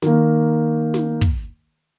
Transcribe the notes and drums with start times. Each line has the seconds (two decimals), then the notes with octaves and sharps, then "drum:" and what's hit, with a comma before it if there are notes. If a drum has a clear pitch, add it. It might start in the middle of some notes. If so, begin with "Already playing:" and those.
0.02 D#3 A#3, drum: snare
0.94 drum: snare
1.21 drum: kick